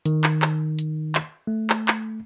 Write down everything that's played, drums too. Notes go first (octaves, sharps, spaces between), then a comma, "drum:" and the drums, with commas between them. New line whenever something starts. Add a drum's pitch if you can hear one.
D#3, drum: hi-hat
drum: clap
drum: clap
drum: hi-hat
drum: clap
A3
drum: clap
drum: clap